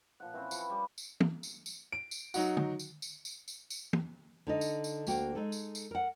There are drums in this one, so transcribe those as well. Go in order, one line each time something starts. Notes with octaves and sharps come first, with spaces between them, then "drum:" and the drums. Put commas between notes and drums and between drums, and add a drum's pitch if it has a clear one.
A#2 F3 F#5
E3 C4 C#4
F3 G5 B5, drum: tambourine
G3 D5
drum: tambourine
drum: tom
drum: tambourine
drum: tambourine
D7
drum: tambourine
F#3 D#4 F#4, drum: tambourine
drum: tom
drum: tambourine
drum: tambourine
drum: tambourine
drum: tambourine
drum: tambourine
drum: tom
D3 D#4 D#5
drum: tambourine
drum: tambourine
D2 A#3 F#4 G5, drum: tambourine
G#3 D#4 G#4 A4
drum: tambourine
drum: tambourine
A#4 F#5